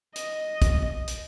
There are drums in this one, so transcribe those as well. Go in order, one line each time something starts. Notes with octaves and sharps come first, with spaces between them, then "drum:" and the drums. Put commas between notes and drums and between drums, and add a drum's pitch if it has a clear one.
D#5, drum: hi-hat
drum: kick, hi-hat
drum: hi-hat